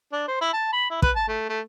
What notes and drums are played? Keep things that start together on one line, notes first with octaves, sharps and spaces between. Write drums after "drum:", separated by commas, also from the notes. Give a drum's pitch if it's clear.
D4
C5
E4
A5
B5
E4
B4, drum: kick
A5
A3
A3